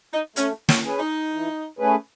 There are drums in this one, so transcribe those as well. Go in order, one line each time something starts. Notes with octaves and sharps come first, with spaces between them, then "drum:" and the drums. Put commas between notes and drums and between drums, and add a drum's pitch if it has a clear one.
D#4
A3 C#4, drum: hi-hat
C#4, drum: snare
C#4 G#4 B4
D#4
E3
A3 C#4 G#4 B4